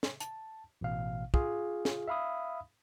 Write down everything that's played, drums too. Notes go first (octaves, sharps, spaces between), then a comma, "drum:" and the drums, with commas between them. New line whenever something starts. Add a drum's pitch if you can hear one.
drum: snare
A5, drum: hi-hat
A1 B2 F5
F4 G#4 F5, drum: kick
drum: snare
E5 F5 B5 D#6